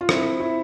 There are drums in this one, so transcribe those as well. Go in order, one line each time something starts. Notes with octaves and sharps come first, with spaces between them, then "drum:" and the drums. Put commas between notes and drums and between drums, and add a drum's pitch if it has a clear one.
F4
C4 E4, drum: rim click
E4